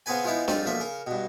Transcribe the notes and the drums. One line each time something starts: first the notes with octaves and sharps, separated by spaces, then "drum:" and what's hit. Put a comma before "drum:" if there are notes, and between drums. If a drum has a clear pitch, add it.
C#3 B3 C4 G#4 B4 G#5
F3 G#3 B3 D#4 E4
G#2 F3 G3 C4 D#4 F4, drum: snare D4
B1 F3 A#3 E5
C#3 A#4
G2 B2